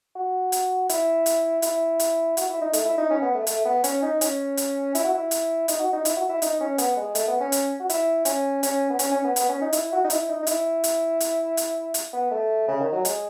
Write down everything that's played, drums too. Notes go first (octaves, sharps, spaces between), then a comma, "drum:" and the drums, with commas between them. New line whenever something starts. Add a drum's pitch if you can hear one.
F#4
drum: hi-hat
E4, drum: hi-hat
drum: hi-hat
E4, drum: hi-hat
drum: hi-hat
F#4, drum: hi-hat
E4
D#4
A3, drum: hi-hat
E4
D#4
C#4
B3
A3
A3, drum: hi-hat
B3
C#4, drum: hi-hat
D#4
C#4, drum: hi-hat
drum: hi-hat
E4, drum: hi-hat
F#4
E4
drum: hi-hat
D#4, drum: hi-hat
F#4
D#4
E4, drum: hi-hat
F#4
E4
D#4, drum: hi-hat
C#4
B3, drum: hi-hat
G#3
A3, drum: hi-hat
B3
C#4
drum: hi-hat
F#4
E4, drum: hi-hat
C#4, drum: hi-hat
C#4, drum: hi-hat
B3
C#4, drum: hi-hat
C#4
B3
B3, drum: hi-hat
C#4
D#4
E4, drum: hi-hat
F#4
D#4
E4, drum: hi-hat
D#4
D#4
E4, drum: hi-hat
drum: hi-hat
drum: hi-hat
drum: hi-hat
drum: hi-hat
B3
A3
C#3
D#3
F#3
G#3, drum: hi-hat